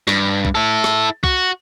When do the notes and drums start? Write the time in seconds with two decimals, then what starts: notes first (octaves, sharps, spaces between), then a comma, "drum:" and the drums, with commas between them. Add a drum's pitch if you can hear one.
0.08 G2, drum: rim click
0.45 drum: kick
0.55 E4 A4
0.84 drum: rim click
1.24 F#4, drum: kick